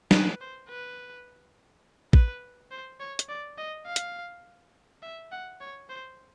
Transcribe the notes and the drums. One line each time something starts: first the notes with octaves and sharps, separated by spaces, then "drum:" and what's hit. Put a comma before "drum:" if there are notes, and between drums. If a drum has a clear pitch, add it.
B4, drum: snare
C5
B4
B4, drum: kick A1
C5
C#5
drum: hi-hat
D5
D#5
F5
drum: hi-hat
E5
F#5
C#5
C5